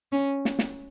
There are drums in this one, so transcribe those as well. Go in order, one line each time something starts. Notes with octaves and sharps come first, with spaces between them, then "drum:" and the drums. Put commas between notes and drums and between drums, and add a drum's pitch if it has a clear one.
C#4
drum: snare
drum: snare